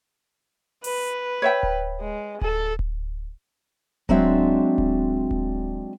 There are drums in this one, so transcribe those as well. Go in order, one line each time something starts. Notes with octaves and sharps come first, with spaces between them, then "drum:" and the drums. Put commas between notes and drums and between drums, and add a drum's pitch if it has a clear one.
B4, drum: open hi-hat
C#5 E5 G5
drum: kick D1
G#3
A4, drum: kick D1
drum: kick D1
F#3 G#3 C4 D4 F#4 E5, drum: kick D1
drum: kick D1
drum: kick D1